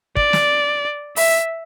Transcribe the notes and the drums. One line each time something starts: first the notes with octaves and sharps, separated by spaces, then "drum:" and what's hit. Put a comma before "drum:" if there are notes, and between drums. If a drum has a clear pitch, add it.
D5, drum: kick
drum: snare
E5, drum: open hi-hat